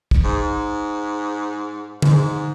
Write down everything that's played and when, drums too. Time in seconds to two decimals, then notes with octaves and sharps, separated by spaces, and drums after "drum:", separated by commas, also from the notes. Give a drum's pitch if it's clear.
0.11 drum: kick
0.24 G#2
2.02 G#2, drum: tom D3